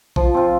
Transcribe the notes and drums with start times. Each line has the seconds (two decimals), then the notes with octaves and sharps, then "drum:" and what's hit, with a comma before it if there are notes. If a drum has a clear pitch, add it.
0.16 F3, drum: kick A#1
0.34 C4 F4